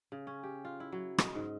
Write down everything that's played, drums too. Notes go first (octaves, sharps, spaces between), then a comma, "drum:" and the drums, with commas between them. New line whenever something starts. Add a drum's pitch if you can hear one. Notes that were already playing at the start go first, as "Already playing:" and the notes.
C#3
C#4
G4
F4
E4
F#3
D#5, drum: rim click
G#2